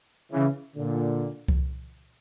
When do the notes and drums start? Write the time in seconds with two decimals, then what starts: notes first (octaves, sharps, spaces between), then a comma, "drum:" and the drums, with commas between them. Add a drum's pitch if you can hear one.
0.32 C#3 E3
0.76 A#2 D3
1.48 drum: kick C2